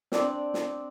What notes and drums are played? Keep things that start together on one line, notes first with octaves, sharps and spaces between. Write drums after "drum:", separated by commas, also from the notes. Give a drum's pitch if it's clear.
C4 D4 D5, drum: snare
drum: snare